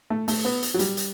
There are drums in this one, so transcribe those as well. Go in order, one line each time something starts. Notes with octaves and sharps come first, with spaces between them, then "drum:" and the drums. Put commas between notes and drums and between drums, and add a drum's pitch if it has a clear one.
A3
A3, drum: open hi-hat
B3
drum: hi-hat
F#3
G3, drum: hi-hat
drum: hi-hat